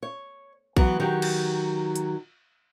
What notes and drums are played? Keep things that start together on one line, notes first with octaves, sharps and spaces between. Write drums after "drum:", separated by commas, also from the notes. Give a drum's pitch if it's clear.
C#5
E3 F#3 B3, drum: kick B1
D#3 F#3 G4
drum: cymbal
drum: hi-hat